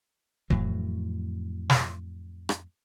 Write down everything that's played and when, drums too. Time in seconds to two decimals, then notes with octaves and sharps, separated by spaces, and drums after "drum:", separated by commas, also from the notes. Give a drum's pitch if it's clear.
0.50 F2 A2 E3 F#3, drum: kick D#1
1.70 drum: snare
2.49 drum: rim click